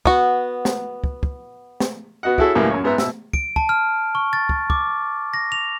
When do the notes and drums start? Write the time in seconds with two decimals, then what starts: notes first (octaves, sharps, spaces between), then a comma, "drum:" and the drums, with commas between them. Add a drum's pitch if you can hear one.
0.05 B3 F#4, drum: kick
0.65 drum: snare
1.04 drum: kick
1.23 drum: kick
1.80 drum: snare
2.23 B3 F#4 D#5 F#5
2.38 E4 F#4 G#4 A4 C#5 E5, drum: kick
2.55 C#2 F#2 A2 E3 G3 A#3
2.70 F#2 C#5
2.84 G#2 B3 C5 E5 A#5
2.98 B2 E5 E6, drum: snare
3.33 D7, drum: kick
3.56 A5, drum: kick
3.69 F6
4.15 C#6
4.33 A6
4.49 drum: kick
4.70 D6, drum: kick
5.34 A#6
5.52 F7